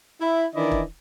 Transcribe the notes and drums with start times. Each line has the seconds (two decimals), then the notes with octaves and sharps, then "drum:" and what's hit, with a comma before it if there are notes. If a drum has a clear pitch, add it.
0.21 E4
0.54 D#3 E3 D4 E4 D5 D#5
0.72 drum: kick